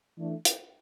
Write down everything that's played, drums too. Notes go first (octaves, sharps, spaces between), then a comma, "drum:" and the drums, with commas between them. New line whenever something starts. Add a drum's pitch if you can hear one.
E3 A3 D4
drum: hi-hat